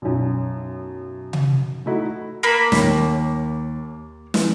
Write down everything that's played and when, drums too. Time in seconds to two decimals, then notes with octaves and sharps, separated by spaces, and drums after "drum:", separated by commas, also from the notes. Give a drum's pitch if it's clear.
0.02 B1 F#2
1.33 drum: tom C3
1.86 A3 D#4 E4 F#4
2.43 A#3 B5
2.72 D#2 C#5, drum: snare
4.34 E3, drum: snare